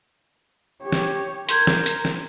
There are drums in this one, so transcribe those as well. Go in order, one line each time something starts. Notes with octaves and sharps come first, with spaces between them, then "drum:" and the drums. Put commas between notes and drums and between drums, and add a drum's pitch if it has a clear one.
G4 C#5
drum: snare
A#4 C6 G6 G#6, drum: hi-hat
drum: snare
drum: hi-hat
drum: snare